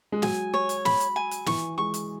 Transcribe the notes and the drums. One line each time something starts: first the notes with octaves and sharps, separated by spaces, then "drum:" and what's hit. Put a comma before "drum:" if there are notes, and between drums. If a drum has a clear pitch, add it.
G#3
F#3 G#5, drum: snare
C#5
drum: hi-hat
B5, drum: snare
drum: hi-hat
G#5
drum: hi-hat
E3 C#6, drum: snare
G#3 C#6
drum: hi-hat